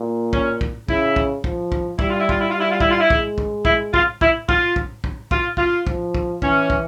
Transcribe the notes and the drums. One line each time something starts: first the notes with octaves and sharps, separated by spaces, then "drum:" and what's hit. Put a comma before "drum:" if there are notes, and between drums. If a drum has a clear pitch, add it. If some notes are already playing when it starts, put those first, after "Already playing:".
Already playing: A#2
C#4, drum: kick
drum: kick
C#3 E4, drum: kick
drum: kick
F3, drum: kick
drum: kick
G3 E4, drum: kick
F4
E4
F4, drum: kick
E4
G3 F4
E4
F4
E4, drum: kick
F4
E4
G#3, drum: kick
drum: kick
E4, drum: kick
F4, drum: kick
E4, drum: kick
F4, drum: kick
drum: kick
drum: kick
F4, drum: kick
F4, drum: kick
F3, drum: kick
drum: kick
E3 C#4, drum: kick
drum: kick